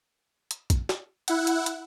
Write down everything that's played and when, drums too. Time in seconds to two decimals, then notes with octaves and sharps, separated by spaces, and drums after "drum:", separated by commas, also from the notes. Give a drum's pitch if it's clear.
0.51 drum: hi-hat
0.70 drum: kick, hi-hat
0.89 drum: snare
1.28 E4 F#5, drum: hi-hat
1.47 drum: hi-hat
1.66 drum: hi-hat